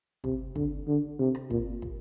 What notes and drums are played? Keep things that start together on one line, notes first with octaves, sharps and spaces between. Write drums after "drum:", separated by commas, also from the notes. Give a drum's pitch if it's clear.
C3, drum: kick
D3, drum: kick
D3
C3
drum: rim click
A#2, drum: kick
drum: kick